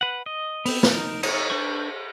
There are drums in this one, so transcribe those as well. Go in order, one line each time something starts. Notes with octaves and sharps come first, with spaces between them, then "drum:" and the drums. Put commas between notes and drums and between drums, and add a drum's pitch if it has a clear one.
B4 F#5
D#5
B3 C4, drum: open hi-hat
D#4 A#4, drum: snare
D#4 C#5, drum: cymbal
D4 B4 C5 C#6